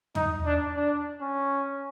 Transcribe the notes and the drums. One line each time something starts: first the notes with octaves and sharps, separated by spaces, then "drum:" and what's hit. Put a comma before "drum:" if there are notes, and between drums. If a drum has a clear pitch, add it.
D#4, drum: tom
D4
D4
C#4